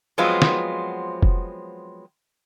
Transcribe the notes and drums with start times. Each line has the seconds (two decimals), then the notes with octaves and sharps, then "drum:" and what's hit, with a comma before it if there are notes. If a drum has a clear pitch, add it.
0.18 F3 F#3 G#3 B3 C4 F4
0.42 drum: snare
1.23 drum: kick F1